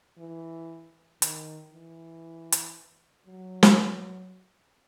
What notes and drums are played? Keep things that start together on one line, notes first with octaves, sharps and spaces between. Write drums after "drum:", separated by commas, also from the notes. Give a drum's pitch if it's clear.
E3
D#3, drum: hi-hat
E3
drum: hi-hat
F#3
drum: snare